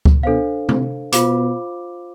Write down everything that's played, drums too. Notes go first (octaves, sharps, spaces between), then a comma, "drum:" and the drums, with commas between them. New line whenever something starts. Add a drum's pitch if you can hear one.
drum: kick C#2
B2 D4 A4 C5 F5
C3, drum: tom C3
B2 F4 C5 F5 B5 D6, drum: hi-hat